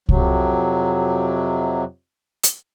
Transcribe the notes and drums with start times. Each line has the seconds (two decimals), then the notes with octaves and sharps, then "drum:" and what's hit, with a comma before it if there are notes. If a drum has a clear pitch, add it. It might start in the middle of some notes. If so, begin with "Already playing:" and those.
0.09 F2 C3 F#3, drum: kick C2
2.44 drum: hi-hat